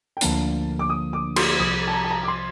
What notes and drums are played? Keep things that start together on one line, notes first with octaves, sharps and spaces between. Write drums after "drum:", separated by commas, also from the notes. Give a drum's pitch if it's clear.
G5
D2 D3 F3 A#3 D4 A5, drum: hi-hat
D6
D#6
D6
C6, drum: cymbal
C2 C3 F3 D#6
A5
A#5
A5
A#5
D6
C6